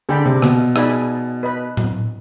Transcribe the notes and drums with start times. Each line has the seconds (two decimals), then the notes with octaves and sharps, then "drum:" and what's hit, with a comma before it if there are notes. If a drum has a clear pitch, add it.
0.09 D3 G#4 D5 G5 B5
0.25 C3
0.42 B2, drum: rim click
0.76 D#4 G#4 D5 G#5 B5, drum: rim click
1.43 B4 D#5 B5
1.77 drum: tom A2